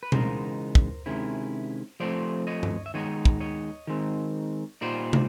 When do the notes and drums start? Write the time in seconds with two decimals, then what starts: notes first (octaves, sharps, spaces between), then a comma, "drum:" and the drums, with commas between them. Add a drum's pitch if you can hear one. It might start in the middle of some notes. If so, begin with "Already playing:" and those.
0.03 B4
0.12 C#3 E3 G#3 B3 D#4 A#4 C5, drum: tom B2
0.75 drum: kick
1.06 C3 D#3 G#3 C#4 E4
2.00 F3 A3 C4 C5 D5
2.47 C#5 D#5
2.63 drum: tom G2
2.86 E5
2.94 D#3 G#3 B3 D#4 C#5 D#5
3.25 drum: kick
3.40 C#5 D#5
3.87 D#3 G#3 C4
4.81 A#2 G3 B3 D#4 C5 D5
5.13 drum: tom